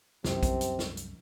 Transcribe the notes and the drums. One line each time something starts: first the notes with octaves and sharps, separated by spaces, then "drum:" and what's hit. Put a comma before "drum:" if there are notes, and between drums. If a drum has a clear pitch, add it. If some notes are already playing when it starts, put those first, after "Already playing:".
C2 F#2 C3, drum: snare
drum: kick B1, hi-hat
drum: hi-hat
drum: snare
drum: hi-hat